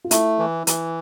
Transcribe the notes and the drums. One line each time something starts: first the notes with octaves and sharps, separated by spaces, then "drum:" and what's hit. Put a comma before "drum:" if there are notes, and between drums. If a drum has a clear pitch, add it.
F4
A3 E4, drum: hi-hat
E3
E3, drum: hi-hat